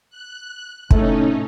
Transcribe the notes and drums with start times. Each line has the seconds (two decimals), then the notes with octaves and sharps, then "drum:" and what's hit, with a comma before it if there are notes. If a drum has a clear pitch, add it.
0.10 F#6
0.91 A2 C3 A3 C#4 D#4, drum: kick